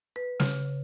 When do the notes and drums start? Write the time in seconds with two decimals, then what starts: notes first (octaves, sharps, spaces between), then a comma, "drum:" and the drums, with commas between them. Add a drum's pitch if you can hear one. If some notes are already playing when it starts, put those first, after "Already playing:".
0.16 B4
0.40 C#3, drum: snare